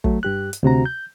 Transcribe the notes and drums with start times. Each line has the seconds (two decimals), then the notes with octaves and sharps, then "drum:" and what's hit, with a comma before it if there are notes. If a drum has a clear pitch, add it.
0.04 F#3 A3, drum: kick
0.23 G2 G4 F#6
0.53 drum: hi-hat
0.63 D2 C3 F#4 A#5
0.86 G6